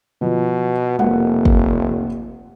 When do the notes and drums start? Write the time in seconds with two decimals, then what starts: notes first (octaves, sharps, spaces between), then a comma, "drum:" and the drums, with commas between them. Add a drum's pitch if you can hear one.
0.21 B2 F3
0.99 F1 A#3 F#5, drum: tom G3
1.45 drum: kick